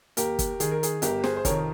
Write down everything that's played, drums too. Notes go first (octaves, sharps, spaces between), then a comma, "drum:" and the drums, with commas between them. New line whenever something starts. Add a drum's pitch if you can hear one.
D#2 G4 A#4, drum: hi-hat
drum: kick, hi-hat
D#3 G#4, drum: hi-hat
A#4
G#4, drum: hi-hat
G1 G4 A#4, drum: hi-hat
G#4 C5, drum: snare
C5
F2 C3 D#3 A#4 C#5, drum: kick, hi-hat